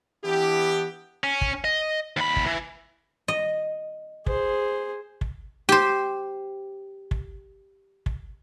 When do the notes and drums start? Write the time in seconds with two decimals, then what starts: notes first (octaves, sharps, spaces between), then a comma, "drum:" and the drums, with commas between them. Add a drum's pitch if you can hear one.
0.25 E3 B3 D4 E4 G4
1.24 C#4
1.41 drum: kick
1.64 D#5
2.17 D#2 B5
2.36 drum: kick
2.46 E3
3.28 D#5
4.26 G#4 C5, drum: kick
5.21 drum: kick
5.69 G4 C5
7.11 drum: kick
8.06 drum: kick